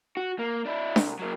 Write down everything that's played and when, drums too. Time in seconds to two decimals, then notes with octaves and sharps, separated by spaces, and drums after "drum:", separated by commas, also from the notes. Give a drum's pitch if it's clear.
0.17 F#4
0.39 A#3
0.65 D4 E4
0.96 C2, drum: snare D4
1.19 F#3 A#3